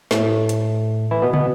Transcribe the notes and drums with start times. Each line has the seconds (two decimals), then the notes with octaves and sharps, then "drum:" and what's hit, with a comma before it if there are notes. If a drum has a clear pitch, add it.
0.11 A2 A3, drum: snare
0.49 drum: hi-hat
1.11 E3 E4
1.22 B2 B3
1.33 B2 B3, drum: tom